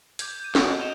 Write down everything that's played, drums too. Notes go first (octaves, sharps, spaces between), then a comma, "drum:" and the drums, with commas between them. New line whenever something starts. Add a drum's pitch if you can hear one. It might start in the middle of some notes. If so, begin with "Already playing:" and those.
D6 G6 G#6, drum: hi-hat
G6 D#7
F#4 F#5 C#6 D#6 G6 D7, drum: snare
D#5
D#5 E7 F7 G7